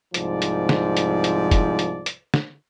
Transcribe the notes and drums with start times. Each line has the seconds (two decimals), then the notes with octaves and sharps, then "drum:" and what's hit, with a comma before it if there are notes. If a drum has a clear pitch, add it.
0.14 C2 G#2 F3 D5, drum: hi-hat
0.42 drum: hi-hat
0.69 drum: snare
0.97 drum: hi-hat
1.24 drum: hi-hat
1.51 drum: kick, hi-hat
1.79 drum: hi-hat
2.06 drum: hi-hat
2.34 drum: snare